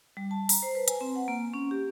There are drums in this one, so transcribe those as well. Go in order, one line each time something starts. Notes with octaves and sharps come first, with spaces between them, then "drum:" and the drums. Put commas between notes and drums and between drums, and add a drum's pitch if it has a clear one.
G3
A5
A#5, drum: open hi-hat
C5
B4
G#5, drum: hi-hat
C4
F#5
A#3
C#4
G4